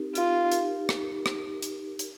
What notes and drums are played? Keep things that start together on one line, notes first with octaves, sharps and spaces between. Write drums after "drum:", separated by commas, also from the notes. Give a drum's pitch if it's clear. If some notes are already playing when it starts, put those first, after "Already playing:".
Already playing: C4 D#4 G4 A#4
F4, drum: hi-hat
D#4 G4 A#4, drum: hi-hat
drum: rim click
drum: rim click
drum: hi-hat
drum: hi-hat